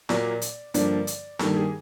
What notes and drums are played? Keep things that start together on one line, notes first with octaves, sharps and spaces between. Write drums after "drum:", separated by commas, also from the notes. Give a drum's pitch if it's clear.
A#2 F#3 A#3 D5, drum: snare
drum: hi-hat
G2 D3 F3 A#3 D5, drum: hi-hat
drum: hi-hat
G2 D#3 G3 A#3 A4, drum: snare
G#4